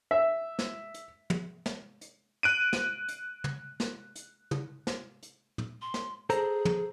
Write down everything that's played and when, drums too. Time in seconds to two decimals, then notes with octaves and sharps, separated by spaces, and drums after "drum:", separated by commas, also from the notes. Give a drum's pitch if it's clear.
0.11 E5
0.59 drum: snare
0.94 drum: hi-hat
1.30 drum: tom
1.66 drum: snare
2.01 drum: hi-hat
2.43 F#6 D7 D#7
2.73 drum: snare
3.08 drum: hi-hat
3.44 drum: tom
3.80 drum: snare
4.16 drum: hi-hat
4.51 drum: tom
4.87 drum: snare
5.23 drum: hi-hat
5.58 drum: tom
5.82 C6
5.94 drum: snare
6.30 G#4 A4 C5 A#5, drum: hi-hat
6.65 drum: tom